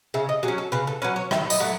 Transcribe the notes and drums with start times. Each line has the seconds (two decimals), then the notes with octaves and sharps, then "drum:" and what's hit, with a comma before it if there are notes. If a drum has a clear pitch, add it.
0.14 C#3 E5
0.29 D#5
0.43 F#3 G#4
0.48 C#4
0.58 A4
0.72 C#3 B4
0.87 A4
1.02 F#3 C#4 B4
1.16 C#5
1.31 D#3 E5, drum: rim click
1.50 D#5, drum: tambourine
1.60 F#3 A3